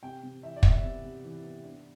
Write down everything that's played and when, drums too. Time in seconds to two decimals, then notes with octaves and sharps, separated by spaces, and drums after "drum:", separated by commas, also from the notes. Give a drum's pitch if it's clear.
0.03 C3 G5
0.23 C3
0.42 E3 E5
0.56 D5
0.63 B3, drum: kick
0.69 E5
0.83 C3
1.04 C3
1.24 E3
1.44 B3
1.64 D4